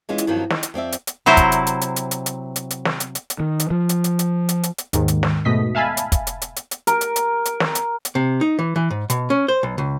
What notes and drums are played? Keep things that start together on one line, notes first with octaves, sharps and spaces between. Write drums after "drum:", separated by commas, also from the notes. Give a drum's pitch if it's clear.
E3 G#3 C#4 F4
drum: hi-hat
G2 D#3 F3 F#3 C4 F#4
D#4, drum: snare
drum: hi-hat
F2 C4 D5 E5
drum: hi-hat
drum: hi-hat
C3 F#3 E4 C5
drum: kick, hi-hat
drum: hi-hat
drum: hi-hat
drum: hi-hat
drum: hi-hat
drum: hi-hat
drum: hi-hat
drum: hi-hat
drum: hi-hat
drum: snare
drum: hi-hat
drum: hi-hat
drum: hi-hat
D#3
drum: hi-hat
F3
drum: hi-hat
drum: hi-hat
drum: hi-hat
drum: hi-hat
drum: hi-hat
drum: hi-hat
D#2 G#2 D#3, drum: hi-hat
drum: hi-hat
drum: snare
G#2 B2 A3 D#5 B6
E5 F5 G#5 A5 B5
drum: hi-hat
drum: kick, hi-hat
drum: hi-hat
drum: hi-hat
drum: hi-hat
drum: hi-hat
A#4, drum: hi-hat
drum: hi-hat
drum: hi-hat
drum: hi-hat
drum: snare
drum: hi-hat
drum: hi-hat
C3
D#4
E3
E3
G#2
B2, drum: hi-hat
C#4
C5
B1
C#2